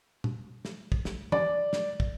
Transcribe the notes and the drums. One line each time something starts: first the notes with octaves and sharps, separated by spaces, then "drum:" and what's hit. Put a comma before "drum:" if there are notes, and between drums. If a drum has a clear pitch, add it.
drum: tom
drum: snare
drum: kick
drum: snare
D5, drum: tom
drum: snare
drum: kick